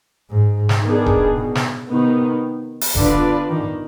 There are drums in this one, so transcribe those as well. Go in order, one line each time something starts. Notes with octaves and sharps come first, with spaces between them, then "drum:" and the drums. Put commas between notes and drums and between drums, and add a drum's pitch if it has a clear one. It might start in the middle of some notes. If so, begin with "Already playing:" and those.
G#2
drum: snare
D#3 B3 D4 G#4
drum: kick D#1
B2
drum: snare
C3 D#3 B3 D#4
drum: open hi-hat
D3 B3 D4 F4 B4 D5, drum: kick D#1
D#3